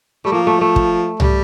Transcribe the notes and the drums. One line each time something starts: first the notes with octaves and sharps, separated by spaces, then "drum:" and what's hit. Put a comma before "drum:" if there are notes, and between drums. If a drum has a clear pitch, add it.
G3 A3
F3 A#3
A3
A3
drum: kick
G3, drum: tom C2